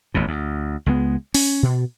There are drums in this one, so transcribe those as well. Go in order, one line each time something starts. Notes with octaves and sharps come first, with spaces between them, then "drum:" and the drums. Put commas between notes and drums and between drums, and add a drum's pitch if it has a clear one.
A1 F2 B2
D2
C#2 G#3 B3
C#4, drum: open hi-hat
B2